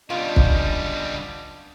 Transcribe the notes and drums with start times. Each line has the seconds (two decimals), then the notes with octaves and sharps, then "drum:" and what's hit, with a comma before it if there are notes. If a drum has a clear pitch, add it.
0.10 C#3 G3 B3 D4 F4 D#5
0.36 drum: kick